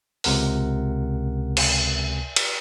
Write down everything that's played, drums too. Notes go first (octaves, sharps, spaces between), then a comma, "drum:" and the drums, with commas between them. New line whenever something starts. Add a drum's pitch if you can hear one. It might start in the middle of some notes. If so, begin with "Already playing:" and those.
C#2 C3 A#4 F#5, drum: open hi-hat
drum: cymbal
drum: cymbal